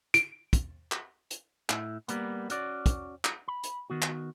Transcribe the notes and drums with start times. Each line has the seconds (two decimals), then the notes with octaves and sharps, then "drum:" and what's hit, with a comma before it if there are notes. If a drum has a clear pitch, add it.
0.14 D7, drum: hi-hat
0.53 drum: kick, hi-hat
0.92 drum: clap
1.31 drum: hi-hat
1.70 A2 E4, drum: clap
2.08 G3 A#3 B3, drum: hi-hat
2.50 C#4 F#4 D5, drum: hi-hat
2.86 drum: kick, hi-hat
3.25 drum: clap
3.48 B5
3.63 drum: hi-hat
3.90 D#3 B3 F#4
4.02 drum: clap